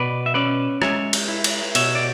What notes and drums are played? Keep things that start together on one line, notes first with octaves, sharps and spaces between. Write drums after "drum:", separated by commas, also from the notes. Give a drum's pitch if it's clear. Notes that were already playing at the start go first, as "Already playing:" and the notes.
Already playing: B2 B4 D5
E5
C#4 B4 D5
G#3 C#5 E5, drum: rim click
drum: cymbal
E4
drum: cymbal
B2 C#5 E5, drum: cymbal
D5